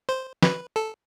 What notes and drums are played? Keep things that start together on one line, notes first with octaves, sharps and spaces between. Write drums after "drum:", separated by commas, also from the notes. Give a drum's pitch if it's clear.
C5
B4, drum: snare
A4